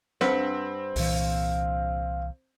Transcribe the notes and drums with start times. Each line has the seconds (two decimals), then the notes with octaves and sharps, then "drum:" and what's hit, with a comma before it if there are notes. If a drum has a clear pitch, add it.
0.21 G2 C4 B4 F#5, drum: snare
0.96 C2 A#2 E3 F5, drum: open hi-hat